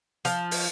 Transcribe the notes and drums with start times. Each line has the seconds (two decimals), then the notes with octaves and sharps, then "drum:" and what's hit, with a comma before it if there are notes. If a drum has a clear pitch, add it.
0.25 F3, drum: hi-hat
0.51 drum: open hi-hat